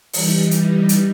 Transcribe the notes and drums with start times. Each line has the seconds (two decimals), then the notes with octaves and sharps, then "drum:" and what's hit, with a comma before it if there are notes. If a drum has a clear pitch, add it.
0.13 E3 G3 D#4, drum: open hi-hat
0.51 drum: hi-hat
0.89 drum: hi-hat